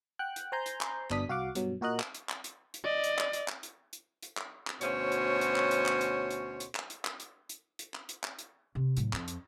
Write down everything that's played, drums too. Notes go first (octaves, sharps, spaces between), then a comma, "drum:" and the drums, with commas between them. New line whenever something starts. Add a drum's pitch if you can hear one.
F#5 G5 F#6
drum: hi-hat
C5 G#5 A#5 C6 G6
drum: hi-hat
drum: clap
G1 B2 D4 D#6 B6, drum: clap
C2 F#4 F5 F#5 D6
G2 B2 F#3, drum: hi-hat
A#2 F#4 A#4 D#5 F#6
drum: clap
drum: hi-hat
drum: clap
drum: hi-hat
drum: hi-hat
D5 D#5
drum: hi-hat
drum: clap
drum: hi-hat
drum: clap
drum: hi-hat
drum: hi-hat
drum: hi-hat
drum: clap
drum: clap
D2 B2 C#4 C5 C#5, drum: hi-hat
drum: hi-hat
drum: hi-hat
drum: clap
drum: hi-hat
drum: clap
drum: hi-hat
drum: hi-hat
drum: hi-hat
drum: clap
drum: hi-hat
drum: clap
drum: hi-hat
drum: hi-hat
drum: hi-hat
drum: clap
drum: hi-hat
drum: clap
drum: hi-hat
C3
A2 F#3, drum: hi-hat
F2, drum: clap
drum: hi-hat